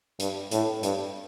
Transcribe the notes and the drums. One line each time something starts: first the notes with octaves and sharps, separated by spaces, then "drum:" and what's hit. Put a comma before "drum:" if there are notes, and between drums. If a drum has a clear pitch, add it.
G2, drum: hi-hat
A2, drum: hi-hat
G2, drum: hi-hat